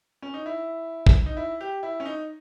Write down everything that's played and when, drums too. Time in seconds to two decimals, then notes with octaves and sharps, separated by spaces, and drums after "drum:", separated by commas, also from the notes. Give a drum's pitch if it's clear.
0.22 C#4
0.34 D#4
0.46 E4
1.07 drum: kick
1.26 D#4
1.37 E4
1.61 G4
1.83 E4
2.00 C#4
2.06 D#4